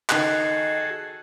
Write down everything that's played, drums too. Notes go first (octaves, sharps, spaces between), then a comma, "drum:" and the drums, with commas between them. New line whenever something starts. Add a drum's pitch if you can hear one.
D#3 F#4 G#4 A4 D#5 F#6 C7, drum: clap